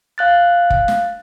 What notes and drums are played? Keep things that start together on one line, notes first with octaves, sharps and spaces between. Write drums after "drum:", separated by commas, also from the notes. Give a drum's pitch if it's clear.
F5 F#6 A6
drum: kick
drum: snare